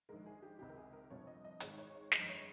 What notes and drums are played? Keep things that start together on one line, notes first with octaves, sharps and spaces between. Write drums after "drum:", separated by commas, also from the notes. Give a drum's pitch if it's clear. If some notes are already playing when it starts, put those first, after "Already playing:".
A#1 G#2 D#3 G#3 A#4
G#4
G4
C#2 C3 D#3 G4
A#4
G#4
A#4
G1 F2 C3 F3 C#5
D#5
D#5
G#1 G#2 D#3 G#3 C#5, drum: hi-hat
C#5
C#5
G1 F2 D#3 G#3 D#5, drum: snare
C#5